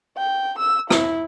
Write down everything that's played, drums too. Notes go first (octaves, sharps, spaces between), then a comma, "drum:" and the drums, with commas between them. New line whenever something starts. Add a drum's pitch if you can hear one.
G5
E6
E4, drum: rim click